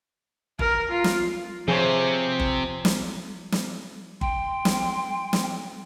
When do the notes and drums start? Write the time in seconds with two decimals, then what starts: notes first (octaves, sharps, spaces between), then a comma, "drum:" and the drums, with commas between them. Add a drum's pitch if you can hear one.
0.59 A#4, drum: kick G1
0.91 F4
1.04 drum: snare
1.68 C3 F3 G#4 C5 C#5
2.40 drum: kick G1
2.85 drum: snare
3.52 drum: snare
4.21 G5 C6, drum: kick G1
4.65 drum: snare
5.33 drum: snare